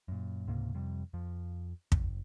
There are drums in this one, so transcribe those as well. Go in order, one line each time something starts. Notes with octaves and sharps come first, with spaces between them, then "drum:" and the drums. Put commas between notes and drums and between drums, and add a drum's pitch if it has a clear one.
F#2 A#2
C#2 G#2 C3 A#3
F2 C3 G3
F2 F3
F#1, drum: kick